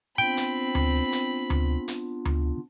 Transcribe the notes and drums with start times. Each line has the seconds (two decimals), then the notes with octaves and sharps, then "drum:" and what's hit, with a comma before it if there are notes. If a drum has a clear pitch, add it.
0.18 B3 C4 D4 F4 G5 B5
0.37 drum: hi-hat
0.75 drum: tom D2
1.12 drum: hi-hat
1.50 drum: tom D2
1.88 drum: hi-hat
2.25 drum: tom D2